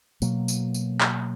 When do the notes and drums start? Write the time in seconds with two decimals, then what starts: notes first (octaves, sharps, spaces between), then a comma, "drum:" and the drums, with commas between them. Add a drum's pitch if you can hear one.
0.22 B2 F#3 A#3, drum: tambourine
0.48 drum: tambourine
0.74 drum: tambourine
1.01 drum: clap